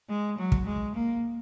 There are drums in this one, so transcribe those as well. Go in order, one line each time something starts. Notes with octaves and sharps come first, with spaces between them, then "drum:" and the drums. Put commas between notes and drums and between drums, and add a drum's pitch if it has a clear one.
G#3
F#3
drum: kick
G#3
A#3